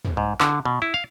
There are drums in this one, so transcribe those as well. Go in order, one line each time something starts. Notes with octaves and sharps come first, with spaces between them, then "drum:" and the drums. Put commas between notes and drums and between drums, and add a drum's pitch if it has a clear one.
drum: tom
G#2
D3, drum: clap
B2
E4
F5